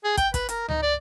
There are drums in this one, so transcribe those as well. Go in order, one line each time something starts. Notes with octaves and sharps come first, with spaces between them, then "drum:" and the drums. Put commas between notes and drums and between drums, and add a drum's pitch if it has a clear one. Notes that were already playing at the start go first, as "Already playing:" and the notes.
G#4
G5, drum: kick, hi-hat
B4, drum: kick, hi-hat
A#4, drum: hi-hat
D#4, drum: tom C#2
D5